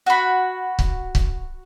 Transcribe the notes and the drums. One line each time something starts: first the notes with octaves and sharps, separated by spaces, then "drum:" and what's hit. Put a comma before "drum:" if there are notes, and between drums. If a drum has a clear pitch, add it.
F#4 B5
drum: kick C#1
drum: kick C#1